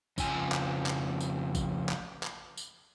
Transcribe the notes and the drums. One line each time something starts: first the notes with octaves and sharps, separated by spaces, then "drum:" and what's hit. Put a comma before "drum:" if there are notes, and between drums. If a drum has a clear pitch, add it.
F2 C#3 F3 G#5, drum: kick A1, tambourine
drum: clap
drum: clap
drum: tambourine
drum: kick A1, tambourine
drum: clap
drum: clap
drum: tambourine